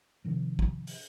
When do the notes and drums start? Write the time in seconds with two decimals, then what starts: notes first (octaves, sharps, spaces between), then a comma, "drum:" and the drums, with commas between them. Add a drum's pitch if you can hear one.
0.25 C3 D#3 F3
0.59 drum: kick
0.87 drum: open hi-hat